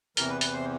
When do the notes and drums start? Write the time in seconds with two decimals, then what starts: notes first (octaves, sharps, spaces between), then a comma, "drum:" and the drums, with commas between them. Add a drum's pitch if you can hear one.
0.17 E2 C3 E3 A#4, drum: hi-hat
0.29 B4
0.41 B4, drum: hi-hat
0.53 C5